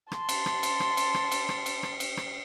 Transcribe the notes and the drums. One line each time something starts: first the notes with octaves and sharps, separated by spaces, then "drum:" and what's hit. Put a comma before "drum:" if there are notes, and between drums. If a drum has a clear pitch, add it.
A5 C6, drum: rim click
drum: cymbal
drum: rim click
drum: cymbal
drum: rim click
drum: cymbal
drum: rim click
drum: cymbal
drum: rim click
drum: cymbal
drum: rim click
drum: cymbal
drum: rim click